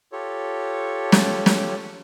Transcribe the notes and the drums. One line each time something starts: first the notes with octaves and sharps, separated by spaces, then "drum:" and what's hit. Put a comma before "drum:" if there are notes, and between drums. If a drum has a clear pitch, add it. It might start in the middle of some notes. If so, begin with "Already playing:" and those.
F4 G4 A4 C#5
drum: snare
drum: snare